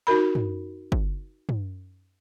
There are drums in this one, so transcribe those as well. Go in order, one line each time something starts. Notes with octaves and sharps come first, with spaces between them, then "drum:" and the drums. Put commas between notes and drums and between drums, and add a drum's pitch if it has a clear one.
D#4 F#4 A#4 B5
drum: tom
drum: kick
drum: tom